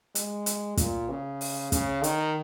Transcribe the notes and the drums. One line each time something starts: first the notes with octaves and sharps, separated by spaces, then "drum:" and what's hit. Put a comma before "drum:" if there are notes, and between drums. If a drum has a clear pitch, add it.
G#3, drum: hi-hat
drum: hi-hat
A#2, drum: kick, hi-hat
C#3
drum: open hi-hat
C#3, drum: kick, hi-hat
D#3, drum: hi-hat